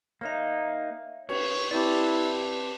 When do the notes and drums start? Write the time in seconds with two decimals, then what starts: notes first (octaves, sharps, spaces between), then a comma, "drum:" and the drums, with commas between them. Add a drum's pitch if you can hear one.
0.21 A#3 D#4 C#5 E5 F5
1.29 B4 C#5, drum: cymbal
1.71 C4 E4 G4 B4 D5 A5